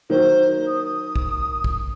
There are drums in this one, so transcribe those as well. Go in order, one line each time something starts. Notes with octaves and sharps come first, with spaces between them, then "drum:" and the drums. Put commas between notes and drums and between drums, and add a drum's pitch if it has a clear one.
D#3 F#3 A#3 C5
D#6
drum: kick
drum: kick